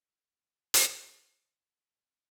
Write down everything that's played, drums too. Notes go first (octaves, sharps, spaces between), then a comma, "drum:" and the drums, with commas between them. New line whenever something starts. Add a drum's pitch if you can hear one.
F#2
drum: hi-hat
D#2
B2